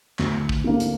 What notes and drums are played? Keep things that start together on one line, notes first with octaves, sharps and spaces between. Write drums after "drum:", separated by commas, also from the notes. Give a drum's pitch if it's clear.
D2, drum: clap
drum: kick
D3 A#3 D4
drum: hi-hat